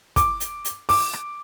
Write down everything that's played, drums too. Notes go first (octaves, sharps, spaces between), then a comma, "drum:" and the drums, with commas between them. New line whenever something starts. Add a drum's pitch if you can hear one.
D6, drum: kick, hi-hat
drum: hi-hat
drum: hi-hat
D6, drum: open hi-hat
drum: rim click